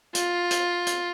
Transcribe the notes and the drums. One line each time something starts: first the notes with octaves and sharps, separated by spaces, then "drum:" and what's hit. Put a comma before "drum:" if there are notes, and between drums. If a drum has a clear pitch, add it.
F4, drum: hi-hat
drum: hi-hat
drum: hi-hat